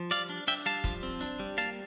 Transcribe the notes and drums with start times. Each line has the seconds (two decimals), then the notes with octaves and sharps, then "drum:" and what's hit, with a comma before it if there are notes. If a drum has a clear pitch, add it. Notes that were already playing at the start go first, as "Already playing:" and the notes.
Already playing: F3
0.11 G3 D5 F5, drum: hi-hat
0.29 D4
0.47 D4 E5 G5, drum: open hi-hat
0.66 G3 F5 A5
0.84 F3, drum: kick, hi-hat
1.03 C4
1.21 D4, drum: hi-hat
1.39 G3
1.58 A#3 F5 A5, drum: hi-hat